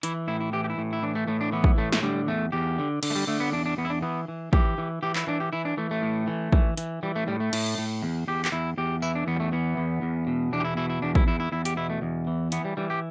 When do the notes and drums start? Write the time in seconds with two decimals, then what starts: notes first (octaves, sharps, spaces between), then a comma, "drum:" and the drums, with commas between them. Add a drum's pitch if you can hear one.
0.03 E3 E4, drum: hi-hat
0.28 A2 E4
0.40 E4
0.53 E3 G4
0.64 G4
0.70 E4
0.78 A2
0.93 E4
1.03 E3 D4
1.15 A3
1.28 A2 A3
1.41 D4
1.52 E3 B3
1.64 drum: kick
1.78 A2 A3
1.92 A3, drum: snare
2.03 D3 G3
2.27 E2 A3
2.52 E2 G4
2.78 D3
3.03 D3, drum: cymbal
3.10 A3
3.15 G3
3.27 D3 A3
3.40 B3
3.53 E2 D4
3.66 D4
3.78 E2 B3
3.85 E4
3.90 D4
4.02 E3 B3
4.28 E3
4.53 E3 G4, drum: kick
4.78 E3
5.03 E3 G4
5.15 E4, drum: clap
5.27 E3 D4
5.40 G4
5.53 E3 E4
5.65 D4
5.77 E3 A3
5.91 A3
6.02 A2
6.27 E3
6.52 E3, drum: kick
6.77 E3, drum: hi-hat
7.03 E3 G3
7.15 A3
7.27 A2 G3
7.40 A3
7.53 A2, drum: cymbal
7.78 A2
8.03 E2
8.28 E2 G4
8.45 G4, drum: clap
8.52 E2 E4
8.78 E2 G4
9.02 E3 E4, drum: tambourine
9.15 D4
9.27 E2 B3
9.36 G3
9.40 A3
9.53 E3 B3
9.77 E2
10.02 E2
10.27 B2
10.53 E2 D4
10.60 G4
10.65 E4
10.77 B2 E4
10.90 E4
11.02 E2 D4
11.15 E4, drum: kick
11.27 E2 E4
11.40 E4
11.52 E2 E4
11.65 G4, drum: hi-hat
11.77 B2 E4
11.90 A3
12.02 E2
12.27 E3
12.52 E3 B3, drum: hi-hat
12.65 G3
12.77 E3 G3
12.90 G4